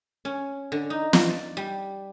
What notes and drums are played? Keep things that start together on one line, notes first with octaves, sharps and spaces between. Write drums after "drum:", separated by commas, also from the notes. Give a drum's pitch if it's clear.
C#4
D3
D#4
drum: snare
D5
G3